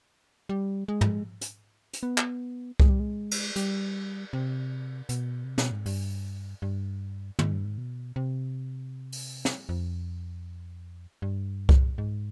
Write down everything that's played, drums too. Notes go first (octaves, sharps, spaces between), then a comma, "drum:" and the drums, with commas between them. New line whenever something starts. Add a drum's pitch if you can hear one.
G3
G#3
drum: tom
drum: hi-hat
drum: hi-hat
B3
drum: clap
G#3, drum: kick C2
G3
G#3
drum: cymbal
G3, drum: hi-hat
C3
B2, drum: hi-hat
C3
B2, drum: snare
G#2
G2, drum: open hi-hat
G2
G#2, drum: tom
G2
G#2
B2
C3
drum: open hi-hat
drum: snare
F2
G2
drum: kick C2
G#2